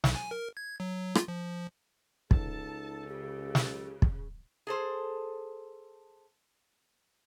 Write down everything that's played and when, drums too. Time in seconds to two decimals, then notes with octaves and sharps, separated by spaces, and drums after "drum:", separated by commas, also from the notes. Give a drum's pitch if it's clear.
0.04 B1, drum: snare
0.15 G#5
0.31 A#4
0.57 G#6
0.80 F#3
1.15 F4, drum: rim click
1.28 F3
2.31 C#2 D#4 A4 A5, drum: kick
3.08 C#3 G4
3.55 drum: snare
4.02 drum: kick
4.67 G#4 A4 C5